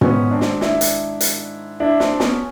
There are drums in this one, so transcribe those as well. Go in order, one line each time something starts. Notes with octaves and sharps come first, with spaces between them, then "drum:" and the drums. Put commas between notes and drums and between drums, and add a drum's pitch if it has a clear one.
G#2 D#3 B3 C#4, drum: tom
C4 D4
drum: snare
D4 E4, drum: snare
drum: hi-hat
drum: hi-hat
D4 E4
C4 D4, drum: snare
B3 C#4, drum: snare